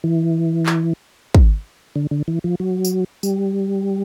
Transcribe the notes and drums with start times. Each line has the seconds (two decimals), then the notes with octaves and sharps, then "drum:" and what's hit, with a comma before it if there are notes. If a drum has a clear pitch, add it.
0.04 E3
0.66 drum: clap
1.35 drum: kick
1.96 D3
2.11 D3
2.28 E3
2.44 F3
2.60 F#3
2.85 drum: tambourine
3.23 G3, drum: tambourine